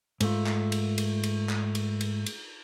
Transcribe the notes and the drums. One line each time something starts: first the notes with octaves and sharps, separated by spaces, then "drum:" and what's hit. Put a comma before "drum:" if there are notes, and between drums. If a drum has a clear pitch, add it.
G#2 A3 F4, drum: cymbal
drum: clap
drum: cymbal
drum: cymbal
drum: cymbal
drum: clap
drum: cymbal
drum: cymbal
drum: cymbal